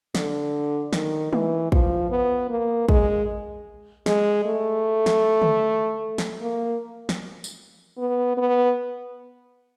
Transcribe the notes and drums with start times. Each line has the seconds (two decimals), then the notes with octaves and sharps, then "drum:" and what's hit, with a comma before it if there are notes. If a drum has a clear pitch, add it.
0.15 D3, drum: snare
0.93 D#3, drum: snare
1.33 E3, drum: tom
1.72 F3, drum: kick
2.11 B3
2.50 A#3
2.89 G#3, drum: kick
4.06 G#3, drum: snare
4.45 A3
5.06 drum: snare
5.42 drum: tom
6.18 drum: snare
6.41 A#3
7.09 drum: snare
7.44 drum: tambourine
7.98 B3
8.37 B3